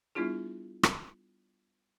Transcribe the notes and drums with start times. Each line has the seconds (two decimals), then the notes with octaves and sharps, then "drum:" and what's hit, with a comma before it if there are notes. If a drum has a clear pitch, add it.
0.15 G3 B3 D4 E4 F4 G#4
0.83 drum: rim click